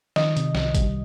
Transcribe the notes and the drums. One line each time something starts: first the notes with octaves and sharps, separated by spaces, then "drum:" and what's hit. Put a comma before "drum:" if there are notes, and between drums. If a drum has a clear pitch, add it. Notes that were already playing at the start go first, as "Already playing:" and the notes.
D#3 D#5, drum: snare
C3, drum: hi-hat
C2, drum: snare
G3, drum: kick, hi-hat